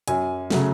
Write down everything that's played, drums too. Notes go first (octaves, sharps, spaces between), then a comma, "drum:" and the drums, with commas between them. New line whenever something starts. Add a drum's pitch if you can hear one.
F#2 G#5, drum: hi-hat
C#3 F#3 A3, drum: snare